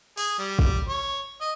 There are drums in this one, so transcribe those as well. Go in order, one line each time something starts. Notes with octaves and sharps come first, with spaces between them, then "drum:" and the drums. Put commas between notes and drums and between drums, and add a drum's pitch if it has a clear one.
G#4, drum: open hi-hat
G3
drum: kick
C#5
D#5